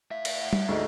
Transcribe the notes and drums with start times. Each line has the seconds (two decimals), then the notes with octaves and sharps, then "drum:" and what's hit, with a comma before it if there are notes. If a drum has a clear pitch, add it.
0.11 A2 E5 F5
0.25 drum: cymbal
0.43 F#5
0.53 drum: tom G3
0.68 D2 G#2 A4 D#5